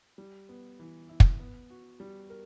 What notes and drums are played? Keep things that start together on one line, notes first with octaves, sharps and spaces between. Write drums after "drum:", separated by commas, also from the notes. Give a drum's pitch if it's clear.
G3
B3
E3
E4
drum: kick
B3
F#4
G3
A#4